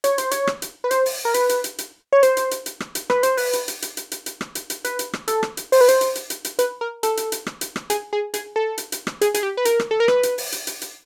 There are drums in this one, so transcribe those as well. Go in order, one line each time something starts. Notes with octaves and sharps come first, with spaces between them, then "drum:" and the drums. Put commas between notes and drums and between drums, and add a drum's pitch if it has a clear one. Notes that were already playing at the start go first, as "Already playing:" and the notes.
C#5, drum: hi-hat
C5, drum: hi-hat
C#5, drum: hi-hat
drum: rim click
drum: hi-hat
B4
C5, drum: hi-hat
drum: open hi-hat
A#4
B4, drum: hi-hat
drum: hi-hat
drum: hi-hat
drum: hi-hat
C#5
C5, drum: hi-hat
drum: hi-hat
drum: hi-hat
drum: hi-hat
drum: rim click
drum: hi-hat
B4, drum: rim click
C5, drum: hi-hat
B4, drum: open hi-hat
drum: hi-hat
drum: hi-hat
drum: hi-hat
drum: hi-hat
drum: hi-hat
drum: hi-hat
drum: rim click
drum: hi-hat
drum: hi-hat
B4, drum: hi-hat
drum: hi-hat
drum: rim click
A4, drum: hi-hat
drum: rim click
drum: hi-hat
C5, drum: open hi-hat
B4
C5, drum: hi-hat
drum: hi-hat
drum: hi-hat
drum: hi-hat
drum: hi-hat
B4, drum: hi-hat
A#4
A4, drum: hi-hat
drum: hi-hat
drum: hi-hat
drum: rim click
drum: hi-hat
drum: rim click
G#4, drum: hi-hat
G#4
G#4, drum: hi-hat
A4
drum: hi-hat
drum: hi-hat
drum: rim click
G#4, drum: hi-hat
G#4, drum: hi-hat
G4
B4
A#4, drum: hi-hat
drum: rim click
A4
A#4
B4, drum: rim click
drum: hi-hat
drum: open hi-hat
drum: hi-hat
drum: hi-hat
drum: hi-hat